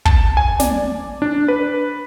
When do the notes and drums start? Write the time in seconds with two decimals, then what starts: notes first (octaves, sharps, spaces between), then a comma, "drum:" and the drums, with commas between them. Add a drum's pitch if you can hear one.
0.05 A5, drum: kick
0.37 G#5
0.60 D5, drum: snare
1.22 D4
1.48 B4